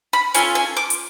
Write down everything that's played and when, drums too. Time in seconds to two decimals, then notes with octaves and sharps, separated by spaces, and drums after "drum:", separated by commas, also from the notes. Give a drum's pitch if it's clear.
0.13 B5
0.34 C#4 F4 A4 G#5, drum: hi-hat
0.55 G#5
0.77 D6
0.90 drum: hi-hat